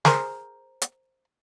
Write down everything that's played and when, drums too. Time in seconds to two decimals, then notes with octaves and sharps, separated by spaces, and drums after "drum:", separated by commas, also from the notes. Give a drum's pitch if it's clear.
0.05 G#4 A#4 C5, drum: snare
0.82 drum: hi-hat